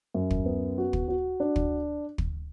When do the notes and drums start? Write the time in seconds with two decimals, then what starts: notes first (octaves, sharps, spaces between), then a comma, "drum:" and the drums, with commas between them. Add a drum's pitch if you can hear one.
0.14 F#2
0.31 drum: kick
0.46 B3
0.78 F#4
0.93 drum: kick
1.08 F#4
1.40 D4
1.56 drum: kick
2.18 drum: kick